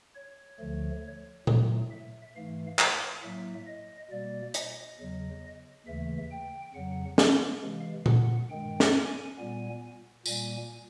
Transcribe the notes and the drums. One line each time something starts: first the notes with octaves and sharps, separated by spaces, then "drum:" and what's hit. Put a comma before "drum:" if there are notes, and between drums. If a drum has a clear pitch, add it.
C#5
D2 D3 F3 A3
A2 F#3 A3, drum: tom A#2
E5
G#2 E3 A3 F5
F5, drum: clap
A2 F#3 A#3 E5
D#5
B2 G3 A#3 D5
D#5, drum: hi-hat
E2 C#3 F#3
D#2 C#3 E3 A3 E5
G5
F2 C#3 F#3 F#5
F5, drum: snare
C3 E3 G#3
F#5, drum: tom A#2
G2 D#3 G#3 G5
drum: snare
G#5
A#2 G3 B3 G#5
A#2 G3 A#3 G#5, drum: tambourine